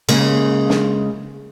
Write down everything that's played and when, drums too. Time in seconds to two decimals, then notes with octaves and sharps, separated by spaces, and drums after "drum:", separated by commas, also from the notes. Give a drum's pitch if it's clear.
0.09 C#3 G#3 A#3, drum: cymbal
0.69 drum: snare